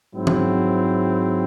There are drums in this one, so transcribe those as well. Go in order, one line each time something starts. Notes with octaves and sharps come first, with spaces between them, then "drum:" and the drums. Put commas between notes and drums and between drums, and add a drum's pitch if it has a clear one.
G#2 F#3 C4 E4
drum: tom E3